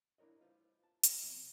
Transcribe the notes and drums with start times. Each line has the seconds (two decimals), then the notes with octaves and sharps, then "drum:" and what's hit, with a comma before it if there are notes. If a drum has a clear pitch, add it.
0.18 D4 E4 A#4 C#5 D#5
0.41 F4 B4 C5
0.84 A5
1.03 C#5 D#5 E5, drum: hi-hat
1.23 B2 F3 C4